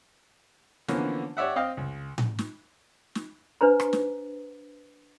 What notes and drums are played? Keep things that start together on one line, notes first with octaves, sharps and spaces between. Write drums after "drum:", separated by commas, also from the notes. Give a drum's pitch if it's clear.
D3 E3 F3 A#3 B3 C#4, drum: snare
G4 C#5 D5 E5 F#5
C4 D#5 F5 G5
C#2
drum: tom A2
drum: snare
drum: snare
D4 B4 C5 A#5
drum: rim click
drum: snare